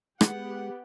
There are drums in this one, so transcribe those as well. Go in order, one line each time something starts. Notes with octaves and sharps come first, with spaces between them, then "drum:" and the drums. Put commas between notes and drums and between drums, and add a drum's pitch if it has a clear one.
G#3 B3 G4 F#5, drum: rim click